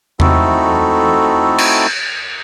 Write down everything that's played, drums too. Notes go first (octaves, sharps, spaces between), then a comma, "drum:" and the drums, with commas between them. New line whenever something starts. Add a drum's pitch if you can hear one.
A3 C4 D#4 E4 F#4 A4, drum: tom E2
drum: cymbal